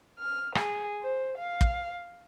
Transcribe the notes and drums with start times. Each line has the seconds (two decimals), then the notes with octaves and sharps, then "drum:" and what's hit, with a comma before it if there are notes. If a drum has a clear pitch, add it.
0.19 F6
0.55 G#4, drum: rim click
1.02 C5
1.38 F5
1.61 drum: kick